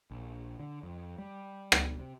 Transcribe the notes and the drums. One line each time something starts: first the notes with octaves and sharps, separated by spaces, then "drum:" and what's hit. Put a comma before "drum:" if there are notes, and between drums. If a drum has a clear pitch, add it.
A#1
D3
F2
G3
drum: rim click
C3